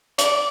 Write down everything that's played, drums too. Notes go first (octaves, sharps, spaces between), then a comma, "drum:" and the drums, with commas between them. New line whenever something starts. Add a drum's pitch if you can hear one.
D5, drum: hi-hat